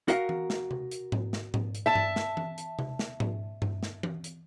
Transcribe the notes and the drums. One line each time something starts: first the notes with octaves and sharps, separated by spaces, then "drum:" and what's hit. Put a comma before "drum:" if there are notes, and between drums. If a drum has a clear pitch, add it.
F#4 A#4 F5, drum: hi-hat
drum: tom E3
drum: snare
drum: tom C3
drum: hi-hat
drum: tom G#2
drum: snare
drum: tom G#2
drum: hi-hat
E5 A5
drum: tom G2
drum: snare
drum: tom E3
drum: hi-hat
drum: tom C3
drum: snare
drum: tom G#2
drum: tom G2
drum: snare
drum: tom E3
drum: hi-hat